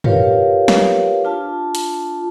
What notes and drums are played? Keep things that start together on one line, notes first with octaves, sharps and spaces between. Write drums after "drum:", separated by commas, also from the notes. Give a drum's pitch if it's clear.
F4 G4 A#4 B4 C#5 F5, drum: tom
drum: snare
D4 F4 A5
drum: hi-hat